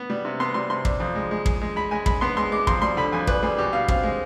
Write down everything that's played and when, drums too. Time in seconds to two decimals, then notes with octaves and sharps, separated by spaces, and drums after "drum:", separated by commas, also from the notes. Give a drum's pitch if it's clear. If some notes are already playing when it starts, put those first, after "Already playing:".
Already playing: B3
0.10 G3
0.25 C3
0.40 B3 C6
0.54 G3 C6
0.70 C3 C6
0.85 D4, drum: kick
1.00 F2
1.15 G#3
1.31 G#3
1.46 G#3, drum: kick
1.62 G#3
1.76 G#3 B5
1.91 G#3 G#5
2.06 G#3 B5, drum: kick
2.21 B3 C6
2.37 G#3 C6
2.52 G#3 D6
2.67 F2 C6, drum: kick
2.82 G3 C6
2.97 D3 B5
3.12 F2 G#5
3.27 D4 B4, drum: kick
3.43 G3 G#4
3.58 B2 G4
3.73 B2 F5
3.88 C4 F5, drum: kick
4.03 G#3